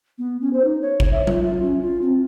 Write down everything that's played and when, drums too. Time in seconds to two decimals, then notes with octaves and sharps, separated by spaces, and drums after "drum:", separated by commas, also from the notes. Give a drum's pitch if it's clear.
0.18 B3
0.41 C#4
0.53 C5
0.64 D#4
0.82 C#5
1.00 drum: kick G#1
1.11 E5
1.27 F4, drum: tom F#3
1.41 F4
1.62 C#4
1.82 F4
2.02 C4